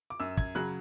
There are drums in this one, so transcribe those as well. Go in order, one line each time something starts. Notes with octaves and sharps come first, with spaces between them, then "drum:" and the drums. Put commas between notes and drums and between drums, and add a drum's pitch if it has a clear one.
D6
F#2 E6
G#6, drum: kick
C#3 F#3 F#6